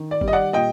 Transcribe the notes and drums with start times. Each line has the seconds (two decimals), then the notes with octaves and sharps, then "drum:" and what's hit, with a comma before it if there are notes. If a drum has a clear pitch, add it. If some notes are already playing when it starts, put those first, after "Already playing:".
Already playing: D#3
0.11 D5
0.21 G3, drum: kick G1
0.28 D#5
0.33 D5 F#5
0.53 A#2 D#5 G5